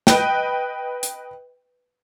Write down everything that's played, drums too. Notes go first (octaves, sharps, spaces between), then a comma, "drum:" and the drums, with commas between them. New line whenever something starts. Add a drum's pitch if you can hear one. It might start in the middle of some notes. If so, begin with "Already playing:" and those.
B4 D#5 G5, drum: snare
drum: hi-hat